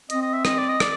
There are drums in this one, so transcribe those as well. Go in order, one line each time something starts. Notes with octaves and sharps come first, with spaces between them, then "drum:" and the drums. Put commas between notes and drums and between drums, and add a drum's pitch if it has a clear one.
C4 D#5, drum: hi-hat
D#5
E5
D#5, drum: rim click
D5
D#5
D5, drum: rim click